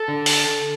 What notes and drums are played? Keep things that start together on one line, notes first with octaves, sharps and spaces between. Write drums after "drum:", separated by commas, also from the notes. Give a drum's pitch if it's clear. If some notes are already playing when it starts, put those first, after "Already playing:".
Already playing: A4
D3
drum: open hi-hat